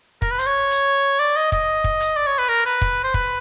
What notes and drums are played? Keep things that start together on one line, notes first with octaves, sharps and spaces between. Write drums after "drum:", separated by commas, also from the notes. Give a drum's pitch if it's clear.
A#4, drum: kick
B4
C5, drum: hi-hat
C#5
drum: hi-hat
D5
D#5
D#5, drum: kick
drum: kick
drum: hi-hat
D5
C#5
B4
A#4
B4
drum: kick
C5
B4, drum: kick